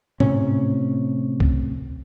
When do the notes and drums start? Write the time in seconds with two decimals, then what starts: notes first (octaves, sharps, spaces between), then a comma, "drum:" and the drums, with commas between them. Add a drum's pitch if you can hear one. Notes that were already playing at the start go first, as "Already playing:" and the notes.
0.20 A2 C3 C#4, drum: tom G#2
1.40 drum: kick C2